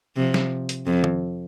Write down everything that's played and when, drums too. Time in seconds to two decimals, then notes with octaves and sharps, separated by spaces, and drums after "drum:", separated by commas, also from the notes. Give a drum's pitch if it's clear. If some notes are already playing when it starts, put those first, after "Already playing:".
0.17 C3 F3
0.34 drum: snare
0.69 drum: hi-hat
0.86 F2
1.04 drum: tom D#3